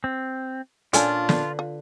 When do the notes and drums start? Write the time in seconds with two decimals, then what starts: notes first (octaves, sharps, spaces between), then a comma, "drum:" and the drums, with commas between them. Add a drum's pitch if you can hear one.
0.04 C4
0.93 A#2 C#4 D4 F4 A4 G#5, drum: hi-hat
1.29 D3 B4, drum: snare
1.59 F4